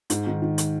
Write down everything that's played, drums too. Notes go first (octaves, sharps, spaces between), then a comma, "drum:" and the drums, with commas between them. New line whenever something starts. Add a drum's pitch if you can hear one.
G#2, drum: hi-hat
D#3
D#3
drum: hi-hat